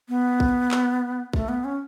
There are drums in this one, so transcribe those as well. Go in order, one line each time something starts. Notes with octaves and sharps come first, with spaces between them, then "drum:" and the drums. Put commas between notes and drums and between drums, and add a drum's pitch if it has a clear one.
B3
drum: kick
drum: clap
A3, drum: kick
B3
C#4